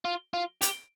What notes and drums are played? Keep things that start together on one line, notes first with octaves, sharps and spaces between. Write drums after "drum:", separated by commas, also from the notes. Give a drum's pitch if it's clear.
F4
F4
G4, drum: hi-hat